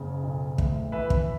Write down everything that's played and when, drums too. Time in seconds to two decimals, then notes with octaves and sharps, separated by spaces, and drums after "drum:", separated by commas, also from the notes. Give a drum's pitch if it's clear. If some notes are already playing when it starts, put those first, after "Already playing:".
Already playing: F#1 C#3
0.23 B1
0.58 A2, drum: kick
0.92 E3 B4 E5
1.10 drum: kick